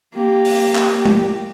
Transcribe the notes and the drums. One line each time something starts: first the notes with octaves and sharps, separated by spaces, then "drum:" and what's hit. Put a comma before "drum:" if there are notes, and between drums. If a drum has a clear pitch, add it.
A#3 G4
drum: open hi-hat
drum: clap
drum: tom G#3